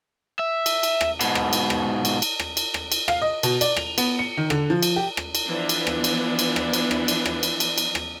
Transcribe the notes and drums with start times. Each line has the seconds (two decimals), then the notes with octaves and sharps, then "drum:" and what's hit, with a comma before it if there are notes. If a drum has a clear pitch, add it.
0.39 E5
0.66 drum: cymbal
0.83 drum: cymbal
1.01 drum: rim click
1.21 G#2 B2, drum: cymbal
1.35 drum: rim click
1.53 drum: cymbal
1.70 drum: rim click
2.05 drum: cymbal
2.22 drum: cymbal
2.39 drum: rim click
2.57 drum: cymbal
2.74 drum: rim click
2.92 drum: cymbal
3.08 F5, drum: rim click
3.22 D#5
3.43 B2, drum: cymbal
3.61 D5, drum: cymbal
3.77 F7, drum: rim click
3.98 B3, drum: cymbal
4.19 C#7
4.37 D#3
4.50 D3, drum: rim click
4.70 F3
4.83 drum: cymbal
4.96 G4
5.17 drum: rim click
5.35 drum: cymbal
5.46 E3 F3 B3 D4 B4 D5
5.69 drum: cymbal
5.87 drum: rim click
6.04 drum: cymbal
6.39 drum: cymbal
6.56 drum: rim click
6.73 drum: cymbal
6.91 drum: rim click
7.08 drum: cymbal
7.26 drum: rim click
7.43 drum: cymbal
7.60 drum: cymbal
7.78 drum: cymbal
7.95 drum: rim click